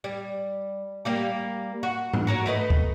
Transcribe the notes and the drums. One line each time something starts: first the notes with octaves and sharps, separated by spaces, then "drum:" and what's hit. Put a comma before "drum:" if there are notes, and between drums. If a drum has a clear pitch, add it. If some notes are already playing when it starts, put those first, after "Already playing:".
G3
G3 A#3 G4
F#4
drum: tom G#2
F#4 A#4 C#5
A3 B4 D#5
drum: kick C#2